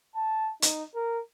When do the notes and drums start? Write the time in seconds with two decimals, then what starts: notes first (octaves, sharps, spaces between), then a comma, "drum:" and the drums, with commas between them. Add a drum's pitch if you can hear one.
0.15 A5
0.62 D#4, drum: hi-hat
0.95 A#4